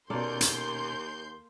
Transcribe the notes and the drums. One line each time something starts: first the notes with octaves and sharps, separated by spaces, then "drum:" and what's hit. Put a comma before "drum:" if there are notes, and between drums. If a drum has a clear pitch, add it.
D#2 B2 A#3 C#4 A4 D5 C6 G6
drum: hi-hat